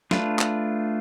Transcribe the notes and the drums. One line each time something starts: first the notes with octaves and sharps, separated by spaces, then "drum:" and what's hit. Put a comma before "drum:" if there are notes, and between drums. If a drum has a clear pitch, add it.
A3 D4 F4 B4, drum: snare
drum: clap